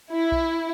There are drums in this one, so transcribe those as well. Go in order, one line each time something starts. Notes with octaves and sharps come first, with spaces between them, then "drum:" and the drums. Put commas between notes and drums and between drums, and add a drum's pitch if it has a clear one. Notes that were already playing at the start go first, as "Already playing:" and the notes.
E4
drum: kick B1